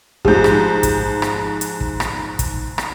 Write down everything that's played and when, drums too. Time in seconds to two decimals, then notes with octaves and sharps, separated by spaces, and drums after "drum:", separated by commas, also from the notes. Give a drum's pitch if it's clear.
0.25 G#2 F3 G4 G#4 G6, drum: kick
0.44 drum: rim click
0.83 drum: kick, hi-hat
1.22 drum: rim click
1.61 drum: hi-hat
1.80 drum: kick
2.00 drum: rim click
2.39 drum: kick, hi-hat
2.78 drum: rim click